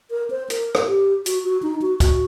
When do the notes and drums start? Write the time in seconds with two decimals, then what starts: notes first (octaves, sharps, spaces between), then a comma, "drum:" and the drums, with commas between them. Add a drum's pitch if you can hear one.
0.11 A#4
0.30 C5
0.50 A#4, drum: hi-hat
0.75 drum: rim click
0.87 G4
1.26 F#4, drum: hi-hat
1.45 F#4
1.62 D#4
1.82 F#4
2.00 F#4, drum: kick, hi-hat